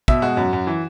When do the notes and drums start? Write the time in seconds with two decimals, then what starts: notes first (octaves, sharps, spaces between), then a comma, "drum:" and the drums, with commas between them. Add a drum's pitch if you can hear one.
0.08 B2 E5, drum: kick
0.22 G#3 F#4
0.37 F#2
0.53 F#2
0.67 E3